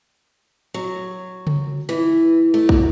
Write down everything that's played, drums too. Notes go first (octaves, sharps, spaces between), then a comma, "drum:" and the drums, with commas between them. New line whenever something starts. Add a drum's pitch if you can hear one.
F#3
drum: tom C#3
E3
A3
drum: kick